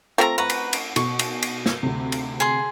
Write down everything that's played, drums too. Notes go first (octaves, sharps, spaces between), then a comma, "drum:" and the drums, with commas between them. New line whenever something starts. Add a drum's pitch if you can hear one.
A3 C4 F4 A#4 A#5
B4 F#5 A#5 C#6
drum: cymbal
drum: cymbal
B2 C#6, drum: cymbal
drum: cymbal
drum: cymbal
drum: snare
D2 C3
drum: cymbal
G#4 C6